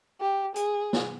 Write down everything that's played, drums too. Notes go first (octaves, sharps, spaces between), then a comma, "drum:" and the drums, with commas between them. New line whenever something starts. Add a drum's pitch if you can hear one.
G4
G#4, drum: hi-hat
drum: snare